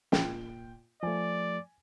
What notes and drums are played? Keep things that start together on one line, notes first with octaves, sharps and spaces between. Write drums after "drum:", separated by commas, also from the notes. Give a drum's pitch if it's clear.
A#2 G5, drum: snare
F3 A3 D5 G#5